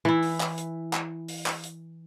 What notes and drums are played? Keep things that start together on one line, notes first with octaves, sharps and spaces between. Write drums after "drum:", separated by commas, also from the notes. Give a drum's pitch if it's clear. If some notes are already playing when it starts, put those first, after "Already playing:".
E3 E4
drum: open hi-hat
drum: clap
drum: hi-hat
drum: clap
drum: open hi-hat
drum: clap
drum: hi-hat